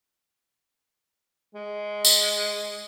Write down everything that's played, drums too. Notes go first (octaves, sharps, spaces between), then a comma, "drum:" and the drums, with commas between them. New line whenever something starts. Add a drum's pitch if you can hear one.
G#3
drum: tambourine